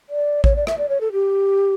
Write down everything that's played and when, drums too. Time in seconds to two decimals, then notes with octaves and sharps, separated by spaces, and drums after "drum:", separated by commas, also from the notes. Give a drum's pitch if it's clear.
0.09 D5
0.44 C#5, drum: kick A1
0.56 D5
0.67 E5, drum: rim click
0.78 D5
0.89 C#5
1.01 A4
1.12 G4